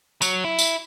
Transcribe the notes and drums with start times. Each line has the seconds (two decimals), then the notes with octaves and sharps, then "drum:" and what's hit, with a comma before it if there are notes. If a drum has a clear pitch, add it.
0.22 F#3, drum: tambourine
0.44 E4
0.59 drum: tambourine